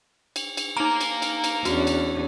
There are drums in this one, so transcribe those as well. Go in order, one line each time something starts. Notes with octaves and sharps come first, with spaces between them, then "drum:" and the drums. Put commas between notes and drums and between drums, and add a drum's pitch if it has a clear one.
drum: cymbal
drum: cymbal
D#4 A#4 F5 A#5
drum: cymbal
drum: cymbal
drum: cymbal
E2 C#4 D4 F#4, drum: cymbal
drum: cymbal